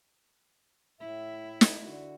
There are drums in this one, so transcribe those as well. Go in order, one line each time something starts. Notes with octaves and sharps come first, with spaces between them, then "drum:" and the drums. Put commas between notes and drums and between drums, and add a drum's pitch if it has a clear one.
A2 E4 E5
drum: snare
D3 F#4